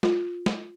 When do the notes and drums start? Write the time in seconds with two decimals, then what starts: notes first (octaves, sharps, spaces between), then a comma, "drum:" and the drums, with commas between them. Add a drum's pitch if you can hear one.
0.03 F4, drum: snare
0.46 drum: snare